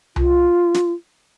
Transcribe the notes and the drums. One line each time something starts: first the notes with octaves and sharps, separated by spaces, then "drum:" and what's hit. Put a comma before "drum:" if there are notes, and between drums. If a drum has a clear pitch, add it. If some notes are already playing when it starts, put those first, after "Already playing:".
F4, drum: tom C2
drum: snare